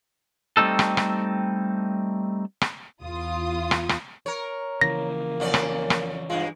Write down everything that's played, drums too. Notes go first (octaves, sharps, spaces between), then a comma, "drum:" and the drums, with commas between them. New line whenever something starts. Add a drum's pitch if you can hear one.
G3 A3 C4 D#4 A4
drum: rim click
drum: rim click
drum: rim click
E2 F4 D#6
drum: rim click
drum: rim click
A#4 C#5
C#3 E3 F3 A#3 A#6
F2 C#4 D5
drum: rim click
drum: rim click
G2 G#3 F4